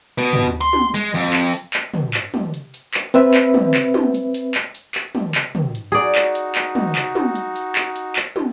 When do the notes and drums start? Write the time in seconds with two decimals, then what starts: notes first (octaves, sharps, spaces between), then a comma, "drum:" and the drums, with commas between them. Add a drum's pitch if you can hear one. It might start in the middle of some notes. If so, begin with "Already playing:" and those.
0.18 B2
0.33 drum: tom
0.61 C6
0.73 drum: tom
0.94 G#3, drum: hi-hat
1.14 F2, drum: hi-hat
1.33 drum: clap
1.53 drum: hi-hat
1.74 drum: clap
1.94 drum: tom
2.14 drum: clap
2.34 drum: tom
2.54 drum: hi-hat
2.74 drum: hi-hat
2.94 drum: clap
3.14 C4 B4 E5 B5, drum: hi-hat
3.34 drum: clap
3.54 drum: tom
3.74 drum: clap
3.94 drum: tom
4.14 drum: hi-hat
4.34 drum: hi-hat
4.54 drum: clap
4.75 drum: hi-hat
4.95 drum: clap
5.15 drum: tom
5.35 drum: clap
5.55 drum: tom
5.75 drum: hi-hat
5.92 D#4 F#4 G#4 D5
6.15 drum: clap
6.35 drum: hi-hat
6.55 drum: clap
6.75 drum: tom
6.95 drum: clap
7.15 drum: tom
7.35 drum: hi-hat
7.56 drum: hi-hat
7.76 drum: clap
7.96 drum: hi-hat
8.16 drum: clap
8.36 drum: tom